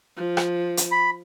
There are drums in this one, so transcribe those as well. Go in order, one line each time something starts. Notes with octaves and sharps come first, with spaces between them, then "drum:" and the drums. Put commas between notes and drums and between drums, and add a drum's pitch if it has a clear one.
F3
drum: rim click
drum: hi-hat
B5